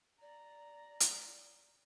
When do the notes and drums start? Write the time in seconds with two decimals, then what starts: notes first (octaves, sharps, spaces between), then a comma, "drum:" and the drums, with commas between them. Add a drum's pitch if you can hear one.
0.21 D5 A#5
1.00 drum: hi-hat